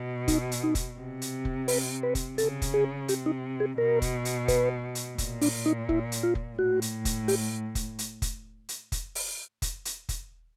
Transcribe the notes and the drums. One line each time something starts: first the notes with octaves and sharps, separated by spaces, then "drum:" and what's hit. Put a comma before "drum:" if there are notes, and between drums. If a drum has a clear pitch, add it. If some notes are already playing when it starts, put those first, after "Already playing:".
Already playing: B2
D#4, drum: kick F1, hi-hat
drum: hi-hat
D#4
drum: kick F1, hi-hat
C3
drum: hi-hat
drum: kick F1
B4, drum: open hi-hat
B4
drum: kick F1, hi-hat
C#3 A4, drum: hi-hat
drum: kick F1, hi-hat
G#4
C3 G4, drum: hi-hat
D#4
G#4
B2 A#4
drum: kick F1, hi-hat
drum: hi-hat
B4, drum: kick F1, hi-hat
drum: hi-hat
A#2, drum: kick F1, hi-hat
D4, drum: open hi-hat
D#4
E4, drum: kick F1
drum: hi-hat
F4
drum: kick F1
A2 F#4
drum: hi-hat
drum: kick F1, hi-hat
G4, drum: open hi-hat
drum: kick F1, hi-hat
drum: hi-hat
drum: kick F1, hi-hat
drum: hi-hat
drum: kick F1, hi-hat
drum: open hi-hat
drum: kick F1, hi-hat
drum: hi-hat
drum: kick F1, hi-hat